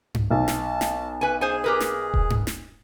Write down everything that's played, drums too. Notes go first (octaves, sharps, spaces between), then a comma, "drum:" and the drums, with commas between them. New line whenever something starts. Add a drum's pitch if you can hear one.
drum: tom G2
B1 A5
drum: snare
drum: snare
B4 G#5
G#4 C5 G#5
G4 A#4 B4
drum: snare
drum: kick D#1
drum: tom G2
drum: snare